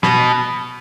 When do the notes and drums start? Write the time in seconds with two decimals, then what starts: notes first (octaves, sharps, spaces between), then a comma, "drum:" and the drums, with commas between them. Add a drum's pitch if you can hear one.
0.03 B2, drum: snare